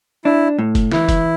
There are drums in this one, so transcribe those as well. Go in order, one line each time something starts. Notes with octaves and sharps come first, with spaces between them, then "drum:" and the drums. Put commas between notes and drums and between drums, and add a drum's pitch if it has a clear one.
D4 E4
A2
drum: kick, hi-hat
E3 E4, drum: snare
drum: kick, hi-hat